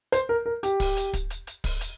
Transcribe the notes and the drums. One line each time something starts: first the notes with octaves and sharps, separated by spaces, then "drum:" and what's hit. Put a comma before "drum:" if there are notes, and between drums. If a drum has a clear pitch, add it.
C5, drum: hi-hat
A#4
A#4
G4, drum: hi-hat
drum: kick, open hi-hat
drum: hi-hat
drum: kick, hi-hat
drum: hi-hat
drum: hi-hat
drum: kick, open hi-hat
drum: hi-hat